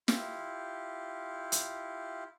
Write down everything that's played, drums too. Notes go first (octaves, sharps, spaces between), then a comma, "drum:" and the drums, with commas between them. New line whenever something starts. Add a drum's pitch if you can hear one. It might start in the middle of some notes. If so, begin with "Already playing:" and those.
E4 F4 G4, drum: snare
drum: hi-hat